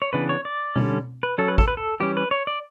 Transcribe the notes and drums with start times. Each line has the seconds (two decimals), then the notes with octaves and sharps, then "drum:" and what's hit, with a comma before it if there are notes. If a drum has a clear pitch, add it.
0.02 C#5
0.13 C#3 E3 B3 D4 B4
0.29 C#5
0.45 D5
0.76 D3 G3 C#4, drum: tom B2
1.23 B4
1.38 F#3 C#4 A4
1.48 B4
1.58 A4, drum: kick
1.68 B4
1.77 A4
2.00 E3 G3 C#4 G4
2.17 B4
2.31 C#5
2.47 D5